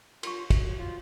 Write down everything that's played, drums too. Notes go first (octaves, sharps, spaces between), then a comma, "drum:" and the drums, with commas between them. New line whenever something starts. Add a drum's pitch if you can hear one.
F4 C6 C#6, drum: cymbal
F#4, drum: kick, cymbal
F4